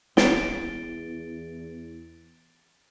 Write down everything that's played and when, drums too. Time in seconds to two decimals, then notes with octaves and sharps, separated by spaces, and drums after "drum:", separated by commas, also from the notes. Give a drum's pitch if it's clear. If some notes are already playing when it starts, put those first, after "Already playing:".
0.17 E2 A6 D7 G7, drum: snare